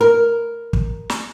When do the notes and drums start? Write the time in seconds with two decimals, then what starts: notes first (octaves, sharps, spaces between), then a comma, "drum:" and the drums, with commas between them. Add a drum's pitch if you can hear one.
0.01 A#4
0.73 drum: kick
1.10 drum: snare